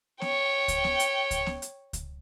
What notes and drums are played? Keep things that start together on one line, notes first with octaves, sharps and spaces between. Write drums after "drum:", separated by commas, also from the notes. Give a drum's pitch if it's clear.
C#5 G5, drum: snare B3
drum: kick C#2, hi-hat
drum: snare B3
drum: hi-hat
drum: kick C#2, hi-hat
drum: snare B3
drum: hi-hat
drum: kick C#2, hi-hat